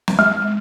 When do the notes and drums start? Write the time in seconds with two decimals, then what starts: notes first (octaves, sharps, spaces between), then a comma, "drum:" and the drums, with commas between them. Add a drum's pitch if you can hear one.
0.08 drum: snare
0.19 G#3